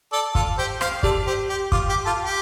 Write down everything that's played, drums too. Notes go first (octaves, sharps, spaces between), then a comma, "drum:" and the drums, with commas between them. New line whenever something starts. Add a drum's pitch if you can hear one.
A4 D5
F4 A4, drum: kick
G4 C5
C5 F5, drum: rim click
G4 A4 D5, drum: kick
G4 C5
G4
F4 D6, drum: kick
G4
F4 A4
G4